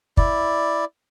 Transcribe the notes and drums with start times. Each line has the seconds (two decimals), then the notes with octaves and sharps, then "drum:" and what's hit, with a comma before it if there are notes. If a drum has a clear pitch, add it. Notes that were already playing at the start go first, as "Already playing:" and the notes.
0.17 E4 D5, drum: kick